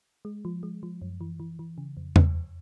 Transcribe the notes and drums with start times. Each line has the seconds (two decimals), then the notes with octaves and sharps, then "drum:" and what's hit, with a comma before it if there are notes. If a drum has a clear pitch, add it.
0.25 G#3
0.45 F3
0.63 G#3
0.83 F3
1.02 F#2
1.21 E3
1.40 E3
1.59 E3
1.78 C#3
1.97 F2
2.16 F2, drum: tom E2
2.35 F2